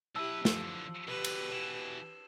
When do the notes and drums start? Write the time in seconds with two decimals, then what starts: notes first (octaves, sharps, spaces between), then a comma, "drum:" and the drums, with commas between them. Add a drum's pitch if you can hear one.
0.16 B1 E4 G4 B4 A5 E6
0.45 D3 E3 F3, drum: snare
1.08 B2 D3 G4 B4
1.24 drum: cymbal
1.52 B2 E3 E7